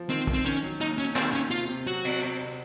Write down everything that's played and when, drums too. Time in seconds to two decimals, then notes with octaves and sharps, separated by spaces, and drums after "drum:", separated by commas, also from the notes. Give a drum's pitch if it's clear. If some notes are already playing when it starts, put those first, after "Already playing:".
Already playing: F3
0.09 D#3 C4
0.27 D#3, drum: kick
0.33 C4
0.45 D#3 C#4
0.63 F#3
0.80 D#2 D#4
0.98 F#3 C#4
1.16 D#3 C4, drum: clap
1.33 D#2 C#4
1.51 C3 F4
1.69 C3
1.87 F#3 F#4
2.05 C3, drum: cymbal
2.22 C3
2.40 C3